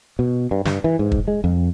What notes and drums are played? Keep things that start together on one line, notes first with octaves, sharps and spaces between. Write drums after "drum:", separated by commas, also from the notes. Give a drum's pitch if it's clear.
B2
G2
G2, drum: snare
E3
G#2
drum: kick
G#3
F2